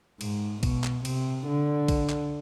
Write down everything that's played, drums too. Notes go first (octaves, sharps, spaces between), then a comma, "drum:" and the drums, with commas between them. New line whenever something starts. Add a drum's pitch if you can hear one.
G#2, drum: cymbal
B2, drum: kick, cymbal
drum: clap
C3, drum: cymbal
D3
drum: kick, cymbal
drum: clap